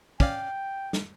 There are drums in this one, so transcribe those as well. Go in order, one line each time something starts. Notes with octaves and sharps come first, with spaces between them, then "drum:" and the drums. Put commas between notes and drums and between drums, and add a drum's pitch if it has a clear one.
C#4 D5 F5 G5, drum: kick
drum: snare